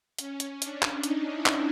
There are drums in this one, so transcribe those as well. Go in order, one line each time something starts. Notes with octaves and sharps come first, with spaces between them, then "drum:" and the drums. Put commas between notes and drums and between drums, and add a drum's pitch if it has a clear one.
C#4, drum: hi-hat
drum: hi-hat
D4, drum: hi-hat
drum: clap
D#4, drum: hi-hat
E4
drum: clap